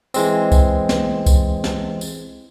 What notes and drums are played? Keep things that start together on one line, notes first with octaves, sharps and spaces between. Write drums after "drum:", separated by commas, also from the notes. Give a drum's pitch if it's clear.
E3 G#3 C4, drum: tambourine
drum: kick C2, tambourine
drum: snare
drum: kick C2, tambourine
drum: snare
drum: tambourine